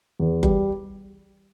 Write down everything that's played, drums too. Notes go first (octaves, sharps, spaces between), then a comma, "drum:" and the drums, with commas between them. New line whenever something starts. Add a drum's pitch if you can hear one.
E2
G3, drum: kick F#1